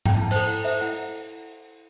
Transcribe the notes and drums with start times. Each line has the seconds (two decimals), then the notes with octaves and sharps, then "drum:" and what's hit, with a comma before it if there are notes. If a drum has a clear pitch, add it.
0.06 G5, drum: tom G#2
0.14 E4 A5
0.31 A4 C5 A5, drum: cymbal
0.47 E4 F#5
0.64 A4 C5 E5, drum: open hi-hat
0.81 E4 F#5